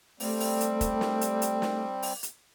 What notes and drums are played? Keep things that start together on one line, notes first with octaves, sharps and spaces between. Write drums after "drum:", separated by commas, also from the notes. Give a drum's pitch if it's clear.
G3 A3 C4, drum: open hi-hat
drum: open hi-hat
drum: hi-hat
drum: kick, hi-hat
drum: snare
drum: hi-hat
drum: hi-hat
drum: snare
drum: open hi-hat
drum: hi-hat